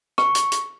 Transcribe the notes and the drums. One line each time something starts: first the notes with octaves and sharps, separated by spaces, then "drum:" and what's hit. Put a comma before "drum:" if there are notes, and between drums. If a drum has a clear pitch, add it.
C#6, drum: rim click
drum: hi-hat
drum: hi-hat